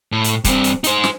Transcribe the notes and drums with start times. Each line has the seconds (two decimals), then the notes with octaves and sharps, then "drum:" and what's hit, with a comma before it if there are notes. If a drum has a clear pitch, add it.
0.12 A2
0.24 drum: hi-hat
0.44 G2 C4, drum: kick, hi-hat
0.64 drum: hi-hat
0.84 D#4 C5, drum: hi-hat
1.04 drum: snare